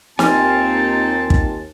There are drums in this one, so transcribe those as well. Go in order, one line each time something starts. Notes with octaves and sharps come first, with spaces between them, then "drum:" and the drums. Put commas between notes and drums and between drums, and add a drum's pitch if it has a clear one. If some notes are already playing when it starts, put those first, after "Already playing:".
D#2 C4 D#4 F4 G#5 A5 F6, drum: snare
drum: kick